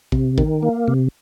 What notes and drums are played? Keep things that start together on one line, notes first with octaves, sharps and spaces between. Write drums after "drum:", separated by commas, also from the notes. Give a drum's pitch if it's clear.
C3, drum: kick
D#3, drum: kick
A#3
C3